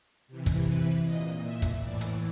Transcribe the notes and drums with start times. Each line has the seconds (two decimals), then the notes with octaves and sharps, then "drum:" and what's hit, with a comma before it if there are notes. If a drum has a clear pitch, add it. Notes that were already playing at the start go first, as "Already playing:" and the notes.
0.28 C3 E3
0.46 drum: kick, hi-hat
0.66 B4
1.04 A#2 D#5
1.43 E5
1.62 drum: kick, hi-hat
1.81 A2 E3 D5
2.01 drum: hi-hat